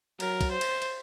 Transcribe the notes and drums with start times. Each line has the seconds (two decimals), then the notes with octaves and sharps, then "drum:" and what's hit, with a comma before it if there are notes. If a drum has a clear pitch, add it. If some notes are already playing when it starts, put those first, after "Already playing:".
0.20 F#3 A#4, drum: cymbal
0.41 drum: kick, cymbal
0.51 C5
0.61 drum: cymbal
0.82 drum: cymbal